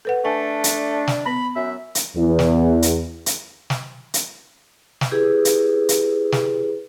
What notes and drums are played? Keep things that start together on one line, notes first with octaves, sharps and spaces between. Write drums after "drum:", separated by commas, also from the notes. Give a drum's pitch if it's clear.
A4 B4 F#5
A3 D4 G#5
drum: hi-hat
drum: snare
B3 B5
F#2 E5
drum: hi-hat
E2
drum: snare
drum: hi-hat
drum: hi-hat
drum: snare
drum: hi-hat
drum: snare
E4 G4 G#4 B4
drum: hi-hat
drum: hi-hat
drum: snare